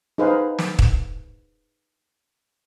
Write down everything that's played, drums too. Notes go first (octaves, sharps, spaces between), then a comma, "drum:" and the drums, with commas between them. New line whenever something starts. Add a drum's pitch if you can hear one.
D#4 G#4 B4 C5 F5
drum: snare
drum: kick